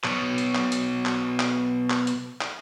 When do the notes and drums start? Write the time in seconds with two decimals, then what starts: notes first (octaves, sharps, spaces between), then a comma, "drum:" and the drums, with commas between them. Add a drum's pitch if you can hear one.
0.04 B2 F#3, drum: clap
0.38 drum: hi-hat
0.55 drum: clap
0.72 drum: hi-hat
1.06 drum: clap
1.40 drum: clap
1.90 drum: clap
2.07 drum: hi-hat
2.41 drum: clap